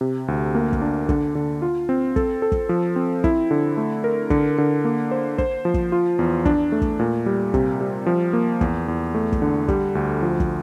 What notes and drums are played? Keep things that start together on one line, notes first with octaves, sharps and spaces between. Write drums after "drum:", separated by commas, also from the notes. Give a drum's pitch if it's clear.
C3
D2
A#3
drum: kick
D4
D3, drum: kick
D3
F4
C4
A4, drum: kick
A4
drum: kick
F3
C4
E4, drum: kick
D3
A3
A#4
D3, drum: kick
D3
A#3
C5
C5, drum: kick
F3
drum: kick
F4
E2
D4, drum: kick
A3
drum: kick
A#2
G3
C3, drum: kick
G3
F3
A#3
E2, drum: kick
E2
A3
drum: kick
D3
G3, drum: kick
D2
F3
drum: kick